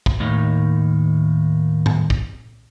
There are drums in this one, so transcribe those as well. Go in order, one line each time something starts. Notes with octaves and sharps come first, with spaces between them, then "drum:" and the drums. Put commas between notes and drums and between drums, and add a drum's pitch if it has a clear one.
drum: kick
D#2 A2 D#3
drum: tom G#2
drum: kick